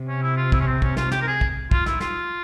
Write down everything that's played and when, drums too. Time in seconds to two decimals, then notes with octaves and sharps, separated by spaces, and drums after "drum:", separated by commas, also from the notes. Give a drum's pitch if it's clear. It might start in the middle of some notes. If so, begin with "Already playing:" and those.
Already playing: C3
0.08 C#4
0.22 E4
0.37 F4
0.52 E4, drum: kick
0.60 C#4
0.67 C4
0.82 C#4, drum: kick
0.97 F4, drum: snare
1.12 G4, drum: snare
1.22 A#4
1.27 G#4
1.41 drum: kick
1.71 F4, drum: kick
1.86 E4, drum: snare
2.00 F4, drum: snare